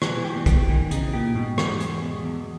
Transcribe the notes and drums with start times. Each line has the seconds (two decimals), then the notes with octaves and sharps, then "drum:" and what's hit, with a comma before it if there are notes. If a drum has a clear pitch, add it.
0.02 B2 E3, drum: rim click
0.24 G4
0.36 B2
0.46 G4, drum: kick, hi-hat
0.69 D#3 E3
0.91 C#3 D#4, drum: hi-hat
1.13 A#2 G4
1.35 G#2 B2
1.58 E2, drum: rim click
1.80 G#3, drum: hi-hat
2.02 B2
2.25 E2